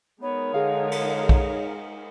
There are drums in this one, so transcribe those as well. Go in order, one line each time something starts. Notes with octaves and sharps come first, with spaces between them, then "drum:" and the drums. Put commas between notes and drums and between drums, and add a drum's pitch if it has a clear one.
G#3 B3 D#4 A#4 C#5
D3 G#4 F5
drum: cymbal
drum: kick